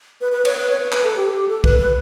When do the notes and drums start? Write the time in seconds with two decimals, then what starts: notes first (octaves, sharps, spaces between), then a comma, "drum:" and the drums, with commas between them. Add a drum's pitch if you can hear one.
0.21 B4
0.32 B4
0.45 C#5, drum: cymbal
0.57 B4
0.69 C#5
0.80 B4
0.92 B4, drum: clap
1.04 A4
1.16 G4
1.32 G4
1.48 A4
1.64 B4, drum: kick
1.79 B4